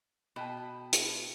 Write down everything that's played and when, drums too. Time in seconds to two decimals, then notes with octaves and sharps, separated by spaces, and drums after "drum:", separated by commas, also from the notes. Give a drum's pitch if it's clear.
0.36 B2 D#5 G5 A5 B5
0.93 drum: hi-hat